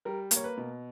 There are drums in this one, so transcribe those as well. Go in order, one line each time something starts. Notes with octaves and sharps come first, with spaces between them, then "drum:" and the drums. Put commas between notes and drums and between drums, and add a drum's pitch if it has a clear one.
G3 A#4
A#3 C#5, drum: hi-hat
B4
B2